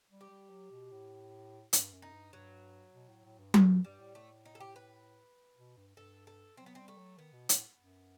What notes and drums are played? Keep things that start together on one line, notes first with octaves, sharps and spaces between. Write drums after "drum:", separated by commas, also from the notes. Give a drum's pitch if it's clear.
G3
G4
G3
F#3
B2
A2
G2, drum: hi-hat
F#2
D#4
G2
G2 F#3
B2
A2
A2
G2
F#2, drum: tom F#3
G2
G2 G3
A2
A3
D#4
A4
G4
B4
B2
G2
G2 A4
A4
F#3 C4
B3
G3 C4
A3
F#3
D#3 B3
B2
A2, drum: hi-hat
F#2